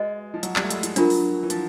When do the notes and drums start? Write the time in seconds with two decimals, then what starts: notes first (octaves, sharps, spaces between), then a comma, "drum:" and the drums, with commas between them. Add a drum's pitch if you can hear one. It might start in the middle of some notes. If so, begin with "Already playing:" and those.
Already playing: G#3 F#4 B4 D#5
0.34 F3
0.43 F#3, drum: hi-hat
0.56 G3, drum: clap
0.64 A3
0.70 G#3, drum: hi-hat
0.83 F3, drum: hi-hat
0.96 F#3 D4 F4 A#4, drum: hi-hat
1.10 drum: open hi-hat
1.43 E3
1.50 F3, drum: hi-hat